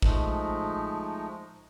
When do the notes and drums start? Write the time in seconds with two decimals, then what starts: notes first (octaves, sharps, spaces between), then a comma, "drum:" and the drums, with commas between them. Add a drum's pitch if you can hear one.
0.02 F3 G#3 A3 D#4, drum: kick G#1